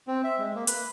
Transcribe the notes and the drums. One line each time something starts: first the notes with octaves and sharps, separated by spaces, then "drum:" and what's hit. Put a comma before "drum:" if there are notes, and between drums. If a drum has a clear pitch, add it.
C4
E5
G#3
A#3
B4, drum: hi-hat